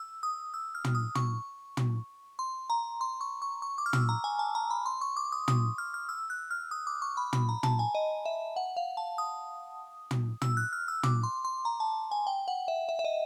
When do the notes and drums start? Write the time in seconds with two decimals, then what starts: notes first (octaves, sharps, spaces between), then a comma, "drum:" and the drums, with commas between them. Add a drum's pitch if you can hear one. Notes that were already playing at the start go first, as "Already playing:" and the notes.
Already playing: E6
0.23 D#6
0.54 E6
0.75 F6
0.84 drum: tom
0.95 D#6
1.15 C#6, drum: tom
1.77 drum: tom
2.39 C6
2.70 A#5
3.01 C6
3.21 C#6
3.42 C#6
3.62 C#6
3.78 D6
3.86 F6
3.93 E6, drum: tom
4.09 A#5
4.24 G#5
4.39 A5
4.55 A#5
4.70 B5
4.86 C6
5.01 C#6
5.17 D6
5.32 D#6
5.48 D#6, drum: tom
5.78 F6
5.94 F6
6.09 E6
6.30 F#6
6.51 F6
6.71 D#6
6.87 D6
7.02 C#6
7.17 B5
7.33 B5, drum: tom
7.49 A#5
7.63 A5, drum: tom
7.79 G#5
7.95 D#5
8.26 E5
8.56 F#5
8.77 F5
8.97 A5
9.18 D#6
10.11 drum: tom
10.42 E6, drum: tom
10.57 F#6
10.73 F6
10.88 E6
11.03 D6, drum: tom
11.23 C6
11.45 C6
11.65 A#5
11.80 A5
12.11 G#5
12.27 G5
12.48 F#5
12.68 E5
12.89 E5
12.99 E5
13.04 D#5